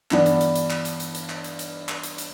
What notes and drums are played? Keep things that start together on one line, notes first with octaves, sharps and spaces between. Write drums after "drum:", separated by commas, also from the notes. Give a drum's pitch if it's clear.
G2 E3 B3 D4, drum: clap
drum: hi-hat
drum: hi-hat
drum: hi-hat
drum: clap
drum: hi-hat
drum: hi-hat
drum: hi-hat
drum: clap
drum: hi-hat
drum: hi-hat
drum: clap
drum: hi-hat
drum: hi-hat